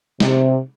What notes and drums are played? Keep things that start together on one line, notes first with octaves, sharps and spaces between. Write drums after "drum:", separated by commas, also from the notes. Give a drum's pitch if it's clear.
C3, drum: snare